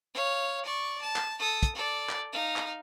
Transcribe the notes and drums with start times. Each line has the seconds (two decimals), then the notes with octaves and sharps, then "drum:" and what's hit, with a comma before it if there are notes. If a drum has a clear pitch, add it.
0.15 C#5 F5
0.65 D5 C#6
1.02 A5
1.16 drum: clap
1.40 A4 D#6
1.63 drum: kick, hi-hat
1.75 A4 D5
2.09 drum: clap
2.33 D#4 F5
2.56 drum: clap